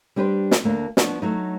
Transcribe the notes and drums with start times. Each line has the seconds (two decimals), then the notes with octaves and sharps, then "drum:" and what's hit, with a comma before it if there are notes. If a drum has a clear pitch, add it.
0.16 G3 D4 G4 B4 C5
0.51 drum: snare
0.64 D2 A#3 D4
0.97 F3 B3 D4 F#4, drum: snare
1.22 F#3 A3 D#4